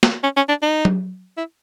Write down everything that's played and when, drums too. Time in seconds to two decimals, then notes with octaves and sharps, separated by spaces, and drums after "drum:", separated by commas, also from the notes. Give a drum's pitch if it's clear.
0.03 drum: snare
0.23 C#4
0.36 C#4
0.49 D4
0.62 D#4
0.85 drum: tom F#3
1.37 E4